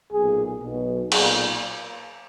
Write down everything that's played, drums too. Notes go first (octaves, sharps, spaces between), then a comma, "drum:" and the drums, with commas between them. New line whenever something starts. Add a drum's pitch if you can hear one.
B1 A#2 G#4
B1 B2
B1 A#2 G#4, drum: cymbal